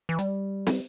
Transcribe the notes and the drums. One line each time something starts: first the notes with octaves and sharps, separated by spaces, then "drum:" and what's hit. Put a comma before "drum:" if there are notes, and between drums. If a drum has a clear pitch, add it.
E3
G3, drum: hi-hat
drum: snare